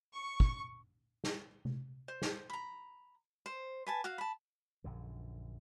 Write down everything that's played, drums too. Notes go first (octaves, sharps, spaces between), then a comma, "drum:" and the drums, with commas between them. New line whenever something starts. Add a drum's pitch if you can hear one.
C#6
drum: kick
drum: snare
drum: tom C3
C5
drum: snare
A#5 B5
C5
B4 G#5 A5
F#4 F5
A5 B5
A#1 F#2 D3